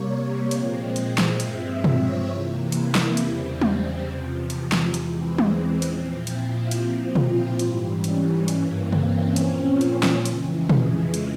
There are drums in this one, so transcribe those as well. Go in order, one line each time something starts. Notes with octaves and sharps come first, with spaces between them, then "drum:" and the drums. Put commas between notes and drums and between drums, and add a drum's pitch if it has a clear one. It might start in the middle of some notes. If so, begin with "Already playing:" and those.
Already playing: C3 G3 A#3 C#5
A#2 F3 G#3 C4, drum: hi-hat
drum: hi-hat
drum: snare
G2 F3 G#3 C4 E5, drum: hi-hat
C#5, drum: tom
C3 E3 A#3
E4, drum: hi-hat
drum: snare
E2 C#3 G3 C4, drum: hi-hat
drum: tom
E2 C3 F3
drum: hi-hat
drum: snare
E2 E3 G#3 C4, drum: hi-hat
drum: tom
A#2 F3 C4 C#4, drum: hi-hat
E4
drum: hi-hat
F4
A#2 F3 C4 G4, drum: hi-hat
F4
drum: tom
E4
G#2 E3 G3 C4, drum: hi-hat
C#4
drum: hi-hat
C#4
G2 E3 A#3 C#4, drum: hi-hat
C4
drum: tom C3
C#4
A#2 F3 C4, drum: hi-hat
drum: hi-hat
drum: snare
F2 C#3 E3 G#3, drum: hi-hat
drum: tom
drum: hi-hat